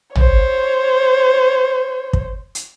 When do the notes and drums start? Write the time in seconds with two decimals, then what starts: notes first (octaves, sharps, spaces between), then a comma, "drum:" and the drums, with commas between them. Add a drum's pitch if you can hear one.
0.15 C5 C#5, drum: tom
2.13 drum: kick
2.55 drum: hi-hat